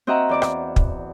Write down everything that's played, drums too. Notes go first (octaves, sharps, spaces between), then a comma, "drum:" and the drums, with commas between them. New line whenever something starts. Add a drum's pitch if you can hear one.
C4 F#4 D#5 E5 F#5 A#5
E2 D5 D6
drum: rim click
drum: kick